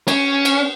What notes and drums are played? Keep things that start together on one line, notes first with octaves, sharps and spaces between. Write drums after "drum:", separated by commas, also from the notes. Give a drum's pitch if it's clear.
C#4, drum: cymbal
drum: cymbal